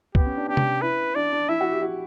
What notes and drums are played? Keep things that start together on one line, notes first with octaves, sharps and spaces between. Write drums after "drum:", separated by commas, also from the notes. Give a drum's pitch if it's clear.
B3 G4, drum: kick C2
C#4
D4
D4 G4
drum: tom C3
E4 B4
D4 D5
D4
E4 E5
F#4
G4
F#4